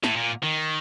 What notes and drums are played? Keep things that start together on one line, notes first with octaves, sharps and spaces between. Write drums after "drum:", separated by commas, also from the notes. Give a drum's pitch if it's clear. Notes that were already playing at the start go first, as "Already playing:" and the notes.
A2, drum: snare
A#2
D#3